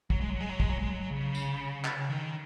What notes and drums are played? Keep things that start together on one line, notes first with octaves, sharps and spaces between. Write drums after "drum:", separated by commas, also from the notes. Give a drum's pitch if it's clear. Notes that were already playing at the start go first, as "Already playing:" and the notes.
F#3, drum: kick
G#3
F#3
G#3
F#3
G#3, drum: kick
F#3
G#3
F#3
C#3
drum: tambourine
drum: clap
D#3